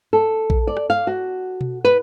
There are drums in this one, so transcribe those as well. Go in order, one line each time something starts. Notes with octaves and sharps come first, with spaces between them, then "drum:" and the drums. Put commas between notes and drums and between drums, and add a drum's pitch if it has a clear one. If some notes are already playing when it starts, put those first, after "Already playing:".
A4
drum: kick A#1
D5
drum: rim click
F5
F#4
drum: tom B2
B4